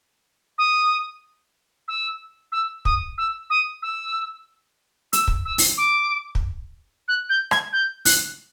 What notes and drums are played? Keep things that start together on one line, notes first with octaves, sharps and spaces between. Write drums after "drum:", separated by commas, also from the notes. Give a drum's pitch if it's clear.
D#6
E6
E6
D#6, drum: kick
E6
D#6
E6
E6, drum: hi-hat
drum: kick
E6
drum: open hi-hat
D6
drum: kick
F#6
G6
G#6, drum: rim click
G6
F#6, drum: open hi-hat